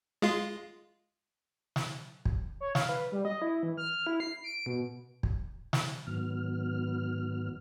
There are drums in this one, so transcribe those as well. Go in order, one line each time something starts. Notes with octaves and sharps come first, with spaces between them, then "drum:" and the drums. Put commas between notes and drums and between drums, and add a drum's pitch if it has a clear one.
G#3 F4
drum: snare
drum: kick
C#5
F5, drum: snare
B4
G3
D#5
E4
E3
F6
E4
C7
D7
B2
drum: kick
drum: snare
G#2 D#3 F#3 B3 F6